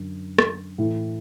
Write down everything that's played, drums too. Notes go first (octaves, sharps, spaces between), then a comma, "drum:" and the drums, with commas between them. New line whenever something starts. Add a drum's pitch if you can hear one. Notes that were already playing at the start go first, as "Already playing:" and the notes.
Already playing: F#2 D3
drum: rim click
A2 E3